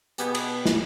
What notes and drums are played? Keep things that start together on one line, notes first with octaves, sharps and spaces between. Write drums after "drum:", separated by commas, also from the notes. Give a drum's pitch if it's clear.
B2 B3 G4 G#4, drum: hi-hat
drum: cymbal
drum: snare